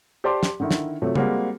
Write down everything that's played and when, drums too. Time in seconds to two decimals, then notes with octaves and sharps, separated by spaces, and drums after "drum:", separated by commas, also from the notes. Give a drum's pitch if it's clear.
0.24 G4 C5 D5 A5 C6 D6
0.43 drum: snare
0.60 D3 D#3 E4
0.71 drum: snare
1.02 C3 F3 F#3 A3
1.16 G3 G#3 A#3 C4 F#4, drum: tom C#3